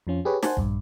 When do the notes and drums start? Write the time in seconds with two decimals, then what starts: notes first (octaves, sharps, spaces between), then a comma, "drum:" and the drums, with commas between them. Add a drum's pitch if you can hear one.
0.07 F2 F3 C#4 F4
0.25 G4 G#4 B4 C#5
0.43 C5 F#5 G#5 A5, drum: snare
0.57 A#1 G2, drum: kick